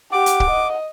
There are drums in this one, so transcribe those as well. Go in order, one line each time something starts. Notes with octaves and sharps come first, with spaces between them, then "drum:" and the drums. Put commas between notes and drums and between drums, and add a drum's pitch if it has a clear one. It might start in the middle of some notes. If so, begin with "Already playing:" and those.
G4 F#5 D6
drum: hi-hat
drum: kick
D#5